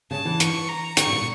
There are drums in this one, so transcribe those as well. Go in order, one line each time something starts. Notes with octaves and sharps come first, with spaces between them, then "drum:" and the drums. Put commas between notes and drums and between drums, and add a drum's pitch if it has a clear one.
C#3 A5
E3
C#6, drum: hi-hat
A#5
D3 C#6, drum: hi-hat
C#3
A#2